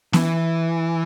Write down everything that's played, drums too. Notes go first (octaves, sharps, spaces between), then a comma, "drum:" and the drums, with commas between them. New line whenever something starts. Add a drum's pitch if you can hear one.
E3, drum: snare